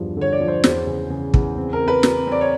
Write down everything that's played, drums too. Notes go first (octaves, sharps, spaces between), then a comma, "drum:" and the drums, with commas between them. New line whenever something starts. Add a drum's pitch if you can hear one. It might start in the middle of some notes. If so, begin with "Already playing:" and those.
Already playing: E2 G2 F3
D3 C#5
D5
F3
C5
E2 C5, drum: snare
C#3
C#3
E2, drum: kick
C4
A#4
C4
B4
C4, drum: snare
C4 D5
C#5